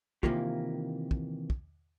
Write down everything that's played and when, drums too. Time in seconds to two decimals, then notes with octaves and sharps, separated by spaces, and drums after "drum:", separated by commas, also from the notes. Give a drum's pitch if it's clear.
0.23 C3 D#3 E3 A#3 F4 G4, drum: kick
1.11 drum: kick
1.50 drum: kick